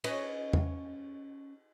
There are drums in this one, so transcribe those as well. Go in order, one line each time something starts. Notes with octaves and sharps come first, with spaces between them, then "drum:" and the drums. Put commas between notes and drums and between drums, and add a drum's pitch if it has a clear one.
C#4 B4 D#5, drum: cymbal
drum: tom E2